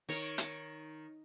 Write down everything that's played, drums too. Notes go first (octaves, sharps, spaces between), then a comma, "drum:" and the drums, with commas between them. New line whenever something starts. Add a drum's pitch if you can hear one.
D#3 A#4 C#5
drum: hi-hat